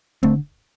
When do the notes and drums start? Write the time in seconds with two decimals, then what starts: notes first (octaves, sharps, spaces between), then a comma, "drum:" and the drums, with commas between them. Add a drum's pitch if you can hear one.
0.23 D3 A3 C4, drum: kick